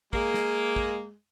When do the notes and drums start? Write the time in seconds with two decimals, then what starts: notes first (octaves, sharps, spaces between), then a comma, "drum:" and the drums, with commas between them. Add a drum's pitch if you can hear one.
0.13 G#3 A#3, drum: kick
0.34 drum: snare
0.76 drum: kick